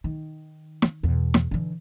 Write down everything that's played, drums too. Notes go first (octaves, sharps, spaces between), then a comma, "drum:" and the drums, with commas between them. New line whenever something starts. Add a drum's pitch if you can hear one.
D#3
drum: snare
E2 B2
drum: snare
D3 E3